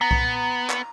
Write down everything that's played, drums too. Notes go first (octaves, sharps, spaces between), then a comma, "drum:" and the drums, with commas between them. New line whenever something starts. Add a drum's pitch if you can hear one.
B3 A#5
drum: kick B1
drum: clap